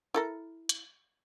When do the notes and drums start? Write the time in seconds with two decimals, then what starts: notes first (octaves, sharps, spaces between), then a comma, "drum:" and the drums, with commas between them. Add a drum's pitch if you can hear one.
0.14 E4 A4 A#4
0.69 drum: hi-hat